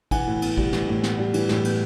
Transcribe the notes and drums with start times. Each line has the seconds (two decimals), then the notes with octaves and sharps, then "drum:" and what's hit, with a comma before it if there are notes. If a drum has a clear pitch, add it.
0.11 E3 F#5 G#5, drum: kick, cymbal
0.27 A2
0.42 B3, drum: cymbal
0.57 G3, drum: kick
0.73 E3, drum: snare
0.88 A2
1.03 B3, drum: snare
1.18 G3
1.34 E3, drum: cymbal
1.49 A2, drum: snare
1.65 B3, drum: cymbal